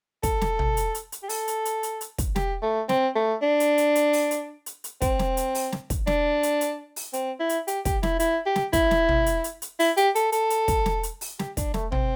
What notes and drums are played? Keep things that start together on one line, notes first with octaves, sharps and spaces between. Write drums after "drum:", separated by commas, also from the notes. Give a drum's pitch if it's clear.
A4, drum: kick, hi-hat
drum: snare
drum: tom
drum: hi-hat
drum: hi-hat
drum: hi-hat
G4
A4, drum: open hi-hat
drum: hi-hat
drum: hi-hat
drum: hi-hat
drum: hi-hat
drum: kick, hi-hat
G4, drum: snare
A3
C4, drum: snare
A3
D4
drum: hi-hat
drum: hi-hat
drum: hi-hat
drum: open hi-hat
drum: hi-hat
drum: hi-hat
drum: hi-hat
C4, drum: kick, hi-hat
drum: snare
drum: hi-hat
drum: open hi-hat
drum: snare
drum: kick, hi-hat
D4, drum: snare
drum: hi-hat
drum: hi-hat
drum: open hi-hat
C4, drum: hi-hat
E4
drum: hi-hat
G4, drum: hi-hat
G4, drum: kick, hi-hat
E4, drum: snare
E4, drum: hi-hat
G4
drum: snare
E4, drum: kick, hi-hat
drum: snare
drum: tom
drum: hi-hat
drum: hi-hat
drum: hi-hat
E4, drum: open hi-hat
G4, drum: hi-hat
A4, drum: hi-hat
A4, drum: hi-hat
drum: hi-hat
drum: kick, hi-hat
drum: snare
drum: hi-hat
drum: open hi-hat
G4, drum: snare
D4, drum: kick, hi-hat
A3, drum: snare
C4, drum: tom